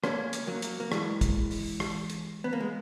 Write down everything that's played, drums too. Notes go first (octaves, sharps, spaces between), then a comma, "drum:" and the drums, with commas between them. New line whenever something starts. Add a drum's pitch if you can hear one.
A#3 C#4, drum: rim click
drum: hi-hat
F#3 A#3
drum: hi-hat
A#3
E3 G#3, drum: rim click
drum: kick, hi-hat
drum: open hi-hat
drum: rim click
drum: hi-hat
B3
A#3
G#3